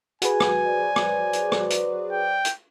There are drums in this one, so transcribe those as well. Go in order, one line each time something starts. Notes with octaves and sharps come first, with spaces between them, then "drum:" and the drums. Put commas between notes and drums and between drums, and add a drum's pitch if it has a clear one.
F#4 G#4 B4 G#5, drum: hi-hat
drum: rim click
F#3 C5 D5
drum: rim click
drum: hi-hat
drum: rim click
drum: hi-hat
G5
drum: hi-hat